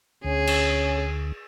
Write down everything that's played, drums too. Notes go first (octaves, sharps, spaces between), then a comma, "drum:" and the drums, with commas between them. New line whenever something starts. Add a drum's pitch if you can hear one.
D2 C#4 G#4
drum: cymbal